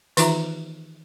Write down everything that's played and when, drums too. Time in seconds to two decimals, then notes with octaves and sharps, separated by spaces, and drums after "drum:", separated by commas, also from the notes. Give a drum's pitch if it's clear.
0.17 D#3 E3 D#4 F4 E5 A#5, drum: hi-hat